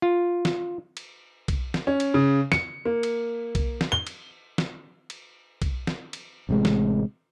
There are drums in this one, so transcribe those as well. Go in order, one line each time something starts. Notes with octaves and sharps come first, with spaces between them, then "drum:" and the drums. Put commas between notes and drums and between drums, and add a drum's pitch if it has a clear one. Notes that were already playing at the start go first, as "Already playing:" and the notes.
F4
drum: snare
drum: cymbal
drum: kick B1, cymbal
drum: snare
C#4
drum: cymbal
C#3
C#7, drum: snare
A#3
drum: cymbal
drum: kick B1, cymbal
drum: snare
G7
drum: cymbal
drum: snare
drum: cymbal
drum: kick B1, cymbal
drum: snare
drum: cymbal
A1 C3 D#3 G#3
drum: snare